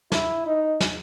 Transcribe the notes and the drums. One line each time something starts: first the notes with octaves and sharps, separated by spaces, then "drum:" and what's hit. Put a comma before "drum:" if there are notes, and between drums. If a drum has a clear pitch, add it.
E4, drum: snare
D#4
drum: snare